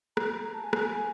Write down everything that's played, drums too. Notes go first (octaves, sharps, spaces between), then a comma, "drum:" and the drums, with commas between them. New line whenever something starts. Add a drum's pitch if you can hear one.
A#5, drum: rim click
A#5
A5
G#5
drum: rim click